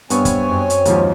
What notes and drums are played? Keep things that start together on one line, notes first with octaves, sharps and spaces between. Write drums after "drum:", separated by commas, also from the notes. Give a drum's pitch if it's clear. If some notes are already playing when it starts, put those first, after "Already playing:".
G2 B3 C4 C#5 G#5 C#6, drum: hi-hat
drum: kick, hi-hat
F#2
drum: hi-hat
D#2 G#2 F3, drum: hi-hat